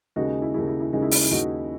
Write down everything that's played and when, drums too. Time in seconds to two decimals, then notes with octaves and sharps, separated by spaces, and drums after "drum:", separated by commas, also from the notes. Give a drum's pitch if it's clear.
0.16 D#2 C#3 G#3 D#4 F#4
0.42 E4
0.54 D#2 C#3 G#3 E4
0.68 E4
0.80 E4
0.93 D#2 C#3 G#3 D#4
1.02 E4
1.11 D#4, drum: open hi-hat
1.21 E4
1.31 D#2 C#3 G#3 D#4 F#4